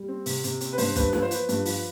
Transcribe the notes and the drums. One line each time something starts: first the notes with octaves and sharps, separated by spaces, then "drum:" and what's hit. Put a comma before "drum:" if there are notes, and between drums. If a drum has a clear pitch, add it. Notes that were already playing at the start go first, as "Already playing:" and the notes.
Already playing: G3
C4
C3, drum: open hi-hat
C3, drum: hi-hat
C4, drum: hi-hat
B4
G2 C5, drum: open hi-hat
G2 B4, drum: kick, hi-hat
F3 B4, drum: snare
C5
F3 B4, drum: hi-hat
G2, drum: hi-hat
F3, drum: open hi-hat